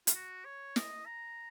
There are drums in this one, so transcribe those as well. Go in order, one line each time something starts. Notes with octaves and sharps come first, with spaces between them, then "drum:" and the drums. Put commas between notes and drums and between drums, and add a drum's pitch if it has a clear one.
F4, drum: hi-hat
F#4
C#5
D#5, drum: snare
A#5